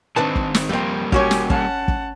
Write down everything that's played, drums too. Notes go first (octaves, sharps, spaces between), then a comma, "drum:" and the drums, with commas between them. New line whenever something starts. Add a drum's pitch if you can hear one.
D#3 C4 D4 B4 A5
drum: kick
drum: snare
F2 G3 A#3 C4
C#4 F#4 G4 C#5 G#5, drum: kick
drum: snare
C#4 F#5 A5, drum: kick
drum: kick